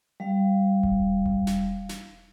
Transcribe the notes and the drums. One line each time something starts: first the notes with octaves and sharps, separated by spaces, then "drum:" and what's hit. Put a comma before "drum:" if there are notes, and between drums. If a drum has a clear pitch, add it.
G3 F5
drum: kick E1
drum: kick E1
drum: snare
drum: snare